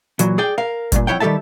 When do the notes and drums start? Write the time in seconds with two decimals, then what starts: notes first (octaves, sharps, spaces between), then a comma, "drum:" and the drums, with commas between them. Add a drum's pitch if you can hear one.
0.19 A#2 E3 F#3, drum: hi-hat
0.38 G#4 D5 G5
0.58 A#4 F5
0.92 D2 G2 A#2, drum: kick G1, hi-hat
1.07 F2 E4 C#5 F#5 G5
1.20 D#3 G3 G4 A4 E5 A5